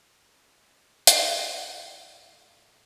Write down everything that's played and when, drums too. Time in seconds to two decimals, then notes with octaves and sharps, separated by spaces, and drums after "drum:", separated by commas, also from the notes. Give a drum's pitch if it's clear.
0.24 C#2
1.07 E3, drum: hi-hat
1.52 A2
2.28 A3